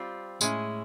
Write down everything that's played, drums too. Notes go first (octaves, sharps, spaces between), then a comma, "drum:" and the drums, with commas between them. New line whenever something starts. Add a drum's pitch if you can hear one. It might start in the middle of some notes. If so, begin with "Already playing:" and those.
Already playing: G3 C4 F4
A2 G#3 C#4 E4, drum: tambourine